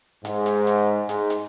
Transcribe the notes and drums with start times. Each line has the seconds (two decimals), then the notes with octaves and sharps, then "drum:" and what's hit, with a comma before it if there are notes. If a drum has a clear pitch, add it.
0.25 G#2, drum: hi-hat
0.46 drum: hi-hat
0.67 drum: hi-hat
1.09 G#2, drum: hi-hat
1.30 drum: hi-hat